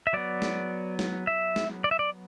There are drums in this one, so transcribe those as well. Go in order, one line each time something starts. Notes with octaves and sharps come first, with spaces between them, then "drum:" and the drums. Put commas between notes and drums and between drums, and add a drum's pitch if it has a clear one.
E5
F#3 B3 D5
drum: snare
drum: snare
E5
drum: snare
D5
E5
D5